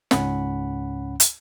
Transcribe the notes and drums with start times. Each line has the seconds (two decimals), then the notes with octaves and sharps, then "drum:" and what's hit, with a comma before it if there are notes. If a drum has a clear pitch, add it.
0.11 C#2 G#2 C#4 F#5 B5, drum: snare
1.20 drum: hi-hat